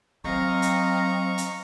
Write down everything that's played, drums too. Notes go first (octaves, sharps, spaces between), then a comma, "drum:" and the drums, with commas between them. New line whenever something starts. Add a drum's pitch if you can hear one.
F#3 C4 D#5 F5 A#5 C#6
drum: hi-hat
drum: hi-hat